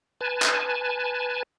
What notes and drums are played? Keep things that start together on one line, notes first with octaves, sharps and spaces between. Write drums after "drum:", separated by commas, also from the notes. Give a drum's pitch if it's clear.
B4 G#5 A5
drum: clap